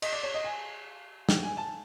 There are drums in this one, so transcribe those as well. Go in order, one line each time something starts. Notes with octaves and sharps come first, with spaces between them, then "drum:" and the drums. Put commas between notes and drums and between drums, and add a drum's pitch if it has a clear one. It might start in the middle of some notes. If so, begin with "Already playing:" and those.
D#5, drum: cymbal
D5
C#5
D#5
G#5
G5, drum: snare
G#5
A5